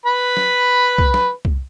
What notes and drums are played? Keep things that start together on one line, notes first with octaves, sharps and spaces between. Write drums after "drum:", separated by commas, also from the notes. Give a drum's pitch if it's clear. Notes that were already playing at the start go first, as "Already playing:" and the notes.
B4 B5
drum: snare
drum: kick C2
drum: snare
drum: kick C2